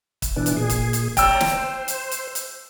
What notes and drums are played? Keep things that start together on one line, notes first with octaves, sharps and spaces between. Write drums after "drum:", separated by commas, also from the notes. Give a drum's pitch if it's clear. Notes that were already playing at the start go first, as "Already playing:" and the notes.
drum: kick, hi-hat
B2 E3 D4
drum: hi-hat
A#2 G#4
drum: kick, hi-hat
drum: hi-hat
C#5 D5 G5 A#5 E6, drum: kick, hi-hat
drum: snare
C5
drum: hi-hat
drum: hi-hat
drum: hi-hat